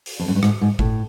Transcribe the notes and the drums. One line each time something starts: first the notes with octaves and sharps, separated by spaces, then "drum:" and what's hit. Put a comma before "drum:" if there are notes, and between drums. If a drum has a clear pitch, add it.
drum: open hi-hat
F2
F#2
G2
G#2, drum: rim click
G#2
A2, drum: kick G1